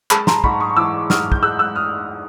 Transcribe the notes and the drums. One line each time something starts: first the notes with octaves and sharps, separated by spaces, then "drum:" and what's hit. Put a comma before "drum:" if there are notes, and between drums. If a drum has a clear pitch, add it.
G#3 A5 B5, drum: clap
A#5 C6, drum: snare
G#2 B5 C#6, drum: kick
C#6 D#6
E3 D6 E6
G#2 D#6 F6, drum: snare
G6, drum: kick
G#3 E6 F#6
E6 F#6
D#6 F6